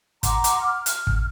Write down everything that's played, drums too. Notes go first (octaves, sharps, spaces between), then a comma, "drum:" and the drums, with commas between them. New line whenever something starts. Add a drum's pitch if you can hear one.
F#5 A#5 C6 D6, drum: kick, hi-hat
drum: hi-hat
F6
drum: hi-hat
drum: kick